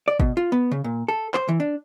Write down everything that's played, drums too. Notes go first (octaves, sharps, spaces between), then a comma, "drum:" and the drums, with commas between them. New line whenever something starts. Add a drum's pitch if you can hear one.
D5
B2, drum: kick
F4
B3
C#3
A#2
A4
C5, drum: clap
E3
D4